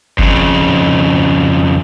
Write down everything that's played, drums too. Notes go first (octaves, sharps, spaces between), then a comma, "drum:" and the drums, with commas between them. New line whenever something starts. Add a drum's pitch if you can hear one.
F2 C#3, drum: kick F#1